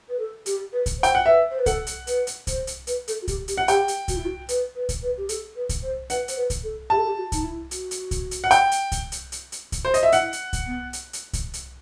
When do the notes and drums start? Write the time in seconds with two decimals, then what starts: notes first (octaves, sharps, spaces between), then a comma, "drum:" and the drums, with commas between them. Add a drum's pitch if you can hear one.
0.09 B4
0.19 A4
0.46 G4, drum: hi-hat
0.72 B4
0.86 drum: kick C2, hi-hat
0.99 C5
1.03 G5, drum: hi-hat
1.15 F#5
1.26 B4 E5
1.51 C5
1.59 B4
1.66 A4 F#5, drum: kick C2, hi-hat
1.87 drum: hi-hat
2.07 B4, drum: hi-hat
2.27 drum: hi-hat
2.47 C5, drum: kick C2, hi-hat
2.67 drum: hi-hat
2.87 B4, drum: hi-hat
3.08 A4, drum: hi-hat
3.22 F#4
3.28 G4, drum: kick C2, hi-hat
3.48 G4, drum: hi-hat
3.58 F#5
3.68 G4 G5, drum: hi-hat
3.88 drum: hi-hat
4.08 F#4, drum: kick C2, hi-hat
4.17 E4
4.25 F#4
4.49 B4, drum: hi-hat
4.75 B4
4.89 drum: kick C2, hi-hat
5.02 B4
5.17 G4
5.29 A4, drum: hi-hat
5.56 B4
5.69 drum: kick C2, hi-hat
5.83 C5
6.10 B4 F#5, drum: hi-hat
6.28 C5, drum: hi-hat
6.36 B4
6.50 drum: kick C2, hi-hat
6.63 A4
6.90 G4 A5
6.98 A4
7.06 G4
7.17 F#4
7.32 D#4, drum: kick C2, hi-hat
7.44 E4
7.71 F#4, drum: hi-hat
7.91 drum: hi-hat
8.11 drum: kick C2, hi-hat
8.31 drum: hi-hat
8.44 F#5
8.51 G5, drum: hi-hat
8.72 drum: hi-hat
8.92 drum: kick C2, hi-hat
9.12 drum: hi-hat
9.32 drum: hi-hat
9.52 drum: hi-hat
9.72 drum: kick C2, hi-hat
9.85 C5
9.94 D#5, drum: hi-hat
10.03 E5
10.12 E4 F#5, drum: hi-hat
10.33 drum: hi-hat
10.53 drum: kick C2, hi-hat
10.66 B3
10.93 drum: hi-hat
11.13 drum: hi-hat
11.33 drum: kick C2, hi-hat
11.54 drum: hi-hat